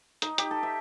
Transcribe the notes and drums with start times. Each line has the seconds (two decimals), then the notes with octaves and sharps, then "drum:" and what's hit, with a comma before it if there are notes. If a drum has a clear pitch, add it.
0.22 D#4, drum: hi-hat
0.38 G4, drum: hi-hat
0.51 A4
0.63 E5